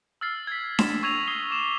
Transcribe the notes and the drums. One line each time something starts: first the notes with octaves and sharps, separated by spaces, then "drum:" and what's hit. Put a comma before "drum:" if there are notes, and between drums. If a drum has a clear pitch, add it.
E6 F6 A6 C7
G#6 B6
E7, drum: snare D4
C#6 E6 G#6 A#6 D#7 F7
D#6 C7 G7
D6 E7